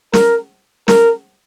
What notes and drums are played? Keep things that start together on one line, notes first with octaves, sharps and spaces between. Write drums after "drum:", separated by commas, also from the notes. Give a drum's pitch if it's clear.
A#4, drum: snare
A#4, drum: snare